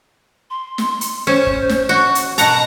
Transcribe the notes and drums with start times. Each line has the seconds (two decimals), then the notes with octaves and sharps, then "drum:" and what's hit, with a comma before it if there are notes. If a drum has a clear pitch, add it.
0.50 C6
0.78 drum: snare
1.01 drum: hi-hat
1.27 C#4 C5
1.47 drum: kick
1.69 drum: snare
1.89 F#4 C#6
2.15 drum: hi-hat
2.38 B2 F#5 A5 A#5, drum: hi-hat